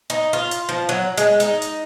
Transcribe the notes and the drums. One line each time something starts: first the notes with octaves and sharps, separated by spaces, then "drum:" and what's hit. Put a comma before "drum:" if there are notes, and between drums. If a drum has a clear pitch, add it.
D#4
F4
drum: hi-hat
F3
F#3
G#3, drum: hi-hat
D#4, drum: hi-hat
drum: hi-hat